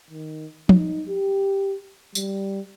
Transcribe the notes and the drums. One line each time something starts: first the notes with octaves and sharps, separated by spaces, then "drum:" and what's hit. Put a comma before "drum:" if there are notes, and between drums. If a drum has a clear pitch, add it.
D#3
D#4, drum: tom
G4
G3, drum: tambourine